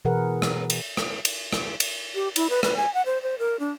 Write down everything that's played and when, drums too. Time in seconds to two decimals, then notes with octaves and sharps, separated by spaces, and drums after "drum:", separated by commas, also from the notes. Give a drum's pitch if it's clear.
0.05 B2 E3 G#4 A#4 B4 F#5
0.42 drum: rim click
0.70 drum: cymbal
0.97 drum: rim click
1.25 drum: cymbal
1.53 drum: rim click
1.80 drum: cymbal
2.15 G4
2.36 E4, drum: cymbal
2.50 B4
2.63 B4, drum: rim click
2.77 G#5
2.94 F#5
3.06 C5
3.22 C5
3.39 A#4
3.59 D4